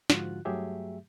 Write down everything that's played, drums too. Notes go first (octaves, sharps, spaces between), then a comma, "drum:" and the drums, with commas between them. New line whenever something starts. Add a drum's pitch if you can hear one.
G#2 D3 F3 F4 F#4 F#6, drum: snare
G2 F#3 A3 G4 G#4 E5